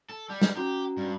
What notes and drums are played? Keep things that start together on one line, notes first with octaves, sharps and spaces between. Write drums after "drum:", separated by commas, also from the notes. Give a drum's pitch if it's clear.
A4
G3
drum: snare
C#4 F#4 G4 A#5
G2